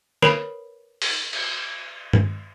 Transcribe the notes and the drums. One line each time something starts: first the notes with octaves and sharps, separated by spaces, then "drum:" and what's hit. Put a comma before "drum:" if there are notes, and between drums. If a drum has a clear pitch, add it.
A#4 B4 C#5 B5 C7 D7, drum: snare
drum: open hi-hat
drum: cymbal
drum: tom G2